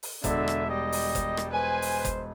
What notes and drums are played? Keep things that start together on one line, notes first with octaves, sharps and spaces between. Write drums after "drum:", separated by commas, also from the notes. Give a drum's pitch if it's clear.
drum: open hi-hat
E1 D3 E5, drum: kick F#1, hi-hat
drum: rim click
G3 D#5
drum: open hi-hat
drum: kick F#1, hi-hat
drum: rim click
B4 C5 G#5
drum: open hi-hat
drum: kick F#1, hi-hat